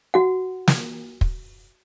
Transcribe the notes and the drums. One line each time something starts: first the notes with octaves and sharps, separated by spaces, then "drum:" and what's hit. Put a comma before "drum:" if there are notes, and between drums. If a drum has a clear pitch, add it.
F#4 F#5
drum: snare
drum: kick